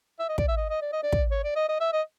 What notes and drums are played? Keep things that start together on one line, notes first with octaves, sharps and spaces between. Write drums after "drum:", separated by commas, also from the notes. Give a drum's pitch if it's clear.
E5
D#5
D5, drum: kick
E5
D#5
D#5
D5
D#5
D5
drum: kick
C#5
D5
D#5
D#5
E5
D#5